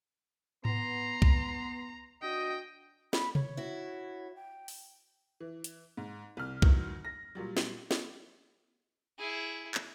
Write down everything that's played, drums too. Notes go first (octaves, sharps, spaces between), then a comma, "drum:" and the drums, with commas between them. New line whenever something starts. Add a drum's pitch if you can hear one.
B3 A#5 C6, drum: tom G#2
drum: kick C2
D4 F#4 D#5 G5
B5, drum: snare
C#5, drum: tom C3
E4 F#4
G5
drum: open hi-hat
E3
drum: hi-hat
G#2
C2 F6
D2 D#3 E3 F#3, drum: kick C2
A#6
A#2 F#3 G3
drum: snare
drum: snare
E4 G#4
drum: clap